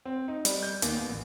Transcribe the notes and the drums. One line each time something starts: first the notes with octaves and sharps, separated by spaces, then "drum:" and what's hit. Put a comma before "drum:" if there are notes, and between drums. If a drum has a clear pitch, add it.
C4
D#4
G3, drum: hi-hat
G6
D#2, drum: hi-hat
B3
A1